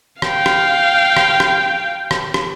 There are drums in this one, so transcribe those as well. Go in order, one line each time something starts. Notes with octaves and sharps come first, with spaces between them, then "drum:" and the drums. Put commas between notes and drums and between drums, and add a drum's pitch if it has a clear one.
F5 G5, drum: rim click
drum: rim click
drum: rim click
drum: rim click
drum: rim click
drum: rim click